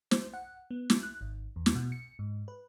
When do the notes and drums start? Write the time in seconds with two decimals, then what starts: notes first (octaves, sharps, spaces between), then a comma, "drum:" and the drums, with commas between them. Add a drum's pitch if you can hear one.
0.11 C5, drum: snare
0.34 F#5
0.71 B3
0.90 drum: snare
1.03 F#6
1.21 G#1
1.56 E2
1.66 drum: snare
1.75 B2
1.92 C#7
2.19 G#2
2.48 B4